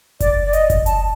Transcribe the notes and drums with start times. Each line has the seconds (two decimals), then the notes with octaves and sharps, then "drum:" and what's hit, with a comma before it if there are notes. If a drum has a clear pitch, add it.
0.20 D5, drum: kick F#1, hi-hat
0.44 D5
0.53 D#5, drum: hi-hat
0.70 drum: kick F#1, hi-hat
0.86 A5, drum: hi-hat